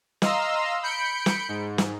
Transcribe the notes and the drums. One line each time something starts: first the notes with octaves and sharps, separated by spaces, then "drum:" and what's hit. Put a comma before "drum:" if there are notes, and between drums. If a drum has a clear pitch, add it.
D#5 F5 A#5 C6 E6, drum: snare
B5 G6 C#7 D7
drum: snare
G#2
drum: snare